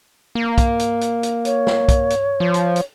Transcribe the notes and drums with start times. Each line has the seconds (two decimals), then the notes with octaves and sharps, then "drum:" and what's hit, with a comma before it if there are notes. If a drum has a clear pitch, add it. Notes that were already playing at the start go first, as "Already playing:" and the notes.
0.35 A#3
0.58 drum: kick B1, hi-hat
0.79 drum: hi-hat
1.01 drum: hi-hat
1.23 drum: hi-hat
1.45 C#5, drum: hi-hat
1.67 drum: snare
1.89 drum: kick B1, hi-hat
2.10 drum: hi-hat
2.40 F3
2.54 drum: hi-hat
2.76 drum: hi-hat